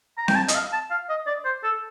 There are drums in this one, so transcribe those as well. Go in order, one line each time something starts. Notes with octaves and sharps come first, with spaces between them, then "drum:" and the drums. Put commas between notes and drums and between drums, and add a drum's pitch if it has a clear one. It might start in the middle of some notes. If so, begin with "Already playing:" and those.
A#5
G5, drum: snare C4
A5
D#5, drum: hi-hat
F5
A5
F5
D#5
D5
C5
A4